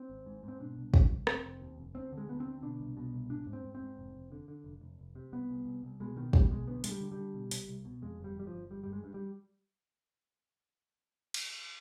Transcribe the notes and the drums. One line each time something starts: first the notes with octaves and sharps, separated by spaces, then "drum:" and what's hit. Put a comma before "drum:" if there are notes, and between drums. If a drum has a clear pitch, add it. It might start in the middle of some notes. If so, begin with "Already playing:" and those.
Already playing: C4
G#1
G#2
G#2
C4
B2 D4
C2
C2, drum: kick
C2
F1 C4, drum: rim click
F1
D#2
F1
D2 C4
D3
G#3
D2 B3
C4
D3
B2 D4
C2
B2
C2
G#2 D4
G#2
C4
G#2
C4
G#2
F1
F1
D3
D3
F1
F1
F1
C3
C2 B3
C2
C2
C2
B2 G#3
B2 D#3
B2 G3, drum: kick
B1 G#3
D2 B3
D3 G#3, drum: hi-hat
G3
D3
G3
D3
B2
C2, drum: hi-hat
C2
B2
F2 G#3
G1
G3
G1 G3
F3
G1
G1 G3
G2 G3
G#3
G2
G3
drum: cymbal